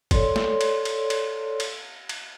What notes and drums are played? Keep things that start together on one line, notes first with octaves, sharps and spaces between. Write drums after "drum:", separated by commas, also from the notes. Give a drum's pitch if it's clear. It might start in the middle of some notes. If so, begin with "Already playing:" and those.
A4 C#5 D5 C6, drum: kick, cymbal
drum: snare
drum: cymbal
drum: cymbal
drum: cymbal
drum: cymbal
drum: cymbal